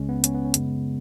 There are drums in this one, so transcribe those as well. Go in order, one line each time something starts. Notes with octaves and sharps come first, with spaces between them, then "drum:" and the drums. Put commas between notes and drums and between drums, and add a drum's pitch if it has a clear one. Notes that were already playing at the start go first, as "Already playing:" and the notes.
Already playing: C#2 C#3 G#3 C#4
B3
C#4, drum: hi-hat
B3
C#4
F#2 C#3 G#3 B3, drum: hi-hat